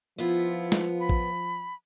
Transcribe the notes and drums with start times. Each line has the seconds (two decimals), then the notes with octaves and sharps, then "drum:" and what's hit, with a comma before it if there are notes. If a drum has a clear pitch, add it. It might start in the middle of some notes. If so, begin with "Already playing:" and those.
0.18 F3 B3 E4 F4
0.72 drum: snare
1.00 B5
1.09 drum: kick A1